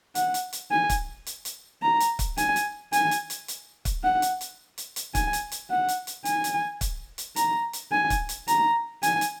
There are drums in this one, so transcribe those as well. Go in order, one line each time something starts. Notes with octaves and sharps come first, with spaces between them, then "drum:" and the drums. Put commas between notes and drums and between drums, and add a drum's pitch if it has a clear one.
F#5, drum: hi-hat
drum: hi-hat
drum: hi-hat
G#5
drum: kick, hi-hat
drum: hi-hat
drum: hi-hat
A#5
drum: hi-hat
drum: kick, hi-hat
G#5, drum: hi-hat
drum: hi-hat
G#5, drum: hi-hat
drum: hi-hat
drum: hi-hat
drum: hi-hat
drum: kick, hi-hat
F#5
drum: hi-hat
drum: hi-hat
drum: hi-hat
drum: hi-hat
G#5, drum: kick, hi-hat
drum: hi-hat
drum: hi-hat
F#5
drum: hi-hat
drum: hi-hat
G#5, drum: hi-hat
drum: hi-hat
drum: kick, hi-hat
drum: hi-hat
A#5, drum: hi-hat
drum: hi-hat
G#5
drum: kick, hi-hat
drum: hi-hat
A#5, drum: hi-hat
G#5, drum: hi-hat
drum: hi-hat